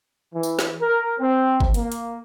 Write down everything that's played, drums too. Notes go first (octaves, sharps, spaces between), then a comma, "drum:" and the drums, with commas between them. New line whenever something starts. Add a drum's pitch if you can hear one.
E3
drum: tambourine
drum: snare
A#4
C4
drum: kick G#1
A#3, drum: hi-hat
drum: hi-hat